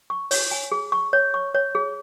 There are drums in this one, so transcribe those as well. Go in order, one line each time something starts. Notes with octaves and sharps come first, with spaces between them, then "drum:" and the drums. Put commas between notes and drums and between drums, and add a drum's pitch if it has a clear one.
C#6
C#5, drum: open hi-hat
G#5
G#4
C#6
C#5
C#6
C#5
G#4